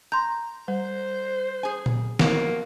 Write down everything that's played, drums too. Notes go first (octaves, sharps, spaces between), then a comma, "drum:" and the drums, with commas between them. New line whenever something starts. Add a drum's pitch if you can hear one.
A#5 C6 G6
G3 C5
G#4 G#5
drum: tom A#2
F3 F#3 A#3, drum: snare